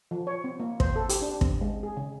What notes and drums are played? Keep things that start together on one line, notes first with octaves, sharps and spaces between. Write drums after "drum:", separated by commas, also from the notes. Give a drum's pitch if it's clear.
F3
C#5
C4
A#3
C5, drum: kick
A4
G4, drum: hi-hat
D4
C4, drum: kick
G#3
G#4
C#3